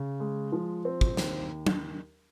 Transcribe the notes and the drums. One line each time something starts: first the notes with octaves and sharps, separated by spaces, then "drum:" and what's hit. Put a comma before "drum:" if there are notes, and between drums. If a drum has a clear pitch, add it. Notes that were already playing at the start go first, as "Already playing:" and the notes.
Already playing: C#3
G#3
F3
C4
drum: kick
D#2, drum: snare
drum: tom